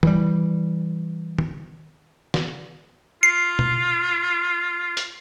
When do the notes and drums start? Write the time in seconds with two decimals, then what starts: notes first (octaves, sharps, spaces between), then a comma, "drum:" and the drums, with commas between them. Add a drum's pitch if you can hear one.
0.03 E3 G3, drum: tom
1.39 drum: tom
2.34 drum: snare
3.23 F4 C7
3.59 drum: tom B2
4.97 drum: hi-hat